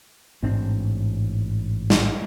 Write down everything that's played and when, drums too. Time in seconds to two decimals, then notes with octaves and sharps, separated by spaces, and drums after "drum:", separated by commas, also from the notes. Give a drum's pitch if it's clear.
0.43 A1 G#2 C4 D4
1.90 drum: snare